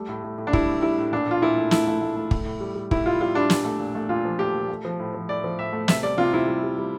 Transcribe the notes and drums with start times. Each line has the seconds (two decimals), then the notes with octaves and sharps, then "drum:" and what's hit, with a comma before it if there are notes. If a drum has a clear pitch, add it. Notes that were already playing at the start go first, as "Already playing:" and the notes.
Already playing: G3 A3
0.09 A2
0.24 A2
0.38 A2
0.47 D4
0.53 G3 E4, drum: kick
0.68 A2
0.82 G3 E4
0.98 A2
1.12 A#2 D4
1.27 A#2 F4
1.42 A#2 E4
1.57 A3
1.71 A3 E4, drum: snare
1.87 A3
2.02 A3
2.17 A3
2.31 A2, drum: kick
2.46 A2
2.61 G3
2.75 G3
2.91 A2 E4, drum: kick
3.06 G3 F4
3.21 G3 F4
3.35 G3 D4
3.50 A#2, drum: snare
3.65 A3
3.79 A#2
3.95 A3
4.09 A#2 F4
4.25 F3
4.39 A3 G4
4.54 A#2
4.69 A3
4.85 F3
4.99 A2
5.14 F3
5.29 A2 D5
5.44 F3
5.58 A2 E5
5.73 A3
5.88 C3 E5, drum: snare
6.03 G3 D5
6.17 C3 F4
6.33 C3 E4
6.47 G3
6.63 G3
6.78 G3